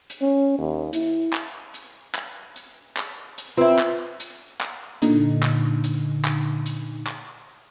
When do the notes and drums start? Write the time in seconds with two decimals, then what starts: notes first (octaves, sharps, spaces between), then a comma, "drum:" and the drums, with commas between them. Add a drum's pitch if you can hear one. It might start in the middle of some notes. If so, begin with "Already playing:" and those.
0.10 drum: hi-hat
0.21 C#4
0.58 D#2
0.93 E4, drum: hi-hat
1.33 drum: clap
1.74 drum: hi-hat
2.15 drum: clap
2.56 drum: hi-hat
2.97 drum: clap
3.38 drum: hi-hat
3.57 C4 E4 F4 B4 E6
3.79 drum: clap
4.20 drum: hi-hat
4.61 drum: clap
5.02 A#2 D3 D#4, drum: hi-hat
5.43 drum: clap
5.84 drum: hi-hat
6.25 drum: clap
6.66 drum: hi-hat
7.07 drum: clap